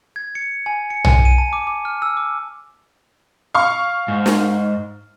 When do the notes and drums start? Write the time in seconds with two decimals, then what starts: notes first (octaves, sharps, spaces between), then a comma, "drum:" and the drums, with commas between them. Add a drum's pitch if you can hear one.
0.16 G#6
0.35 C#7
0.66 G#5
0.90 C#7
1.05 G#5, drum: tom B1
1.25 D#7
1.38 A5
1.53 D6
1.67 D6
1.85 F6
2.02 E6
2.17 D6
3.54 F5 C#6
4.08 G#2
4.26 drum: snare